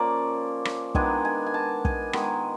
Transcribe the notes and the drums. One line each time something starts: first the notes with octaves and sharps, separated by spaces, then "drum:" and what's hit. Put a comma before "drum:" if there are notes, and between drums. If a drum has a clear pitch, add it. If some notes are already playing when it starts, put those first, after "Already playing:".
Already playing: F3 A#3 C#4 D5
drum: rim click
D#3 G#3 B3 D4 G#5, drum: kick
G#5
G#5
A5
G#5, drum: kick
D#3 G#3 B3 G#5, drum: rim click